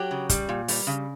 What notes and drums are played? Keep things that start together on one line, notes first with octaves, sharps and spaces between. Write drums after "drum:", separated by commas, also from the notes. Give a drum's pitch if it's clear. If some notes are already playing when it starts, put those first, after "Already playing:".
Already playing: F#3 G4
C#3
G3, drum: kick, hi-hat
A#2
G3, drum: open hi-hat
C#3